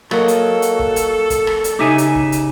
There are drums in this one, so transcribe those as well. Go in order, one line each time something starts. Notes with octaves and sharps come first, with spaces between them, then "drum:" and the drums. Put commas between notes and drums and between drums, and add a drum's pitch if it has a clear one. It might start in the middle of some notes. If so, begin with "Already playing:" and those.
F#3 A#3 A4 D#5, drum: rim click
drum: hi-hat
drum: hi-hat
drum: kick
drum: hi-hat
drum: kick, hi-hat
drum: rim click
drum: hi-hat
C#3 D#4 G4 E5 G#5
drum: hi-hat
drum: kick
drum: hi-hat